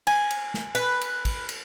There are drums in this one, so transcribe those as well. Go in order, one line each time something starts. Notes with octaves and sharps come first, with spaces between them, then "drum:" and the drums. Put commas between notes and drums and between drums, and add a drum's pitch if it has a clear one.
G#5, drum: cymbal
drum: cymbal
drum: snare
B4, drum: cymbal
drum: cymbal
drum: kick, cymbal
drum: cymbal